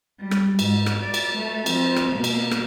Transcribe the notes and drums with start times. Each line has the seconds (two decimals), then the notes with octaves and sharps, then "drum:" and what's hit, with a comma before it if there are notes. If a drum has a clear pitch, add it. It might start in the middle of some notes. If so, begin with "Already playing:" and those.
0.19 G3
0.31 drum: rim click
0.59 G#2, drum: cymbal
0.86 drum: rim click
1.02 D5
1.14 drum: cymbal
1.34 A3
1.66 F3 C4, drum: cymbal
1.96 drum: rim click
2.13 B2 A#3
2.24 drum: cymbal
2.51 drum: rim click